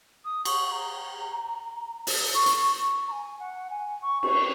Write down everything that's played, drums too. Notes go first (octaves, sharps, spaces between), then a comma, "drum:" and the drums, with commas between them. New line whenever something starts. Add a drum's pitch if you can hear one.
D#6
C#6, drum: cymbal
C#6
A#5
drum: open hi-hat
C#6
drum: hi-hat
C#6
C#6
A#5
G#5
F#5
G#5
C#6
C#6, drum: cymbal